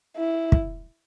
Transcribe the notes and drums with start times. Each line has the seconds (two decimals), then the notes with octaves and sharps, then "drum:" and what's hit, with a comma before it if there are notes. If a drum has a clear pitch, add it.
0.16 E4
0.52 drum: kick